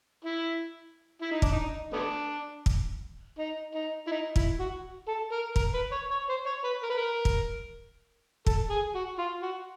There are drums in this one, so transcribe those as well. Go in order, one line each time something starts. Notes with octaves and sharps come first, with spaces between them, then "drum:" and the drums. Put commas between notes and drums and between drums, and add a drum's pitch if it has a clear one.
E4
E4
D#4
D4, drum: kick
D#4
A3 B3 D4
drum: kick
D#4
D#4
E4
D#4
E4, drum: kick
F#4
A4
A#4
A#4, drum: kick
B4
C#5
C#5
C5
C#5
B4
A#4
B4
A#4
drum: kick
A4, drum: kick
G#4
F#4
F4
F#4